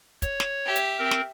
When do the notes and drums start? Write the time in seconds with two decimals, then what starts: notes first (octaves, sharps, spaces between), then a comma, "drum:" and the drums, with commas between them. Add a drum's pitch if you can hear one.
0.22 C#5, drum: kick, hi-hat
0.40 drum: snare
0.65 G4 E5
0.76 drum: hi-hat
0.99 C4 A#4
1.11 drum: snare